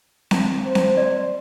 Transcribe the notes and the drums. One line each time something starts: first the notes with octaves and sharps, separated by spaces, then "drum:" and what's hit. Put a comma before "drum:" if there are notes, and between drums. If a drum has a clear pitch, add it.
drum: snare C4
C5
drum: snare C4
D5